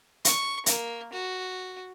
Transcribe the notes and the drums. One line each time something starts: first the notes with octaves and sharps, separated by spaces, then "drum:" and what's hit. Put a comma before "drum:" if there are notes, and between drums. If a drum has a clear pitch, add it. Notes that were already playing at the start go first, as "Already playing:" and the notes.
C#6, drum: hi-hat
A#3, drum: hi-hat
F#4